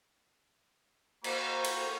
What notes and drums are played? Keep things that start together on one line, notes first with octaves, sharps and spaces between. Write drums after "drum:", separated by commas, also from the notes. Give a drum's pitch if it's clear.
A#3 F#4 C5 G5 A#5 B5 C#6, drum: cymbal
drum: cymbal